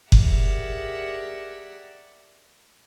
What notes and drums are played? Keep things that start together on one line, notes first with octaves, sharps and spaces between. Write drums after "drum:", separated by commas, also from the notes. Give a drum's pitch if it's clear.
G4 G#4 A#4 D5 E5 F#5, drum: kick F#1